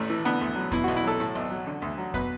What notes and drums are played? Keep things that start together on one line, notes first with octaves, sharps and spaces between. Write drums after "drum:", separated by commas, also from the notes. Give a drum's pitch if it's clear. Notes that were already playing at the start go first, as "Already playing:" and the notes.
Already playing: A1 E2 A2 A3
E3
D3 B3
D2
F#3
B2 E4, drum: kick F2, hi-hat
B1 F#4
E4, drum: hi-hat
F#3 A4
A2, drum: hi-hat
B1
F#3
D3
D2
F#3
B2 B4, drum: kick F2, hi-hat